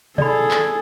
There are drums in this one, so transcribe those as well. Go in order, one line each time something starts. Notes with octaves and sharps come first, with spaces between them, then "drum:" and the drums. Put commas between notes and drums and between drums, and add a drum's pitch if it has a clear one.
G#4 A4 D5 B5, drum: tom B2
drum: clap